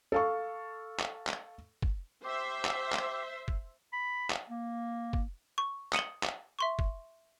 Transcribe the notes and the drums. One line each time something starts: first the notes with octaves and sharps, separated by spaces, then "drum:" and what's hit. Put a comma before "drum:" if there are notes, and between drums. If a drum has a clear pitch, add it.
A4 F5 C#6
drum: clap
drum: clap
drum: kick
G4 C5 E5
drum: clap
drum: clap
drum: kick
B5
drum: clap
A#3
drum: kick
C#6
D#6 C#7 D#7 E7 F#7 G7, drum: clap
drum: clap
E5 C6 C#6
drum: kick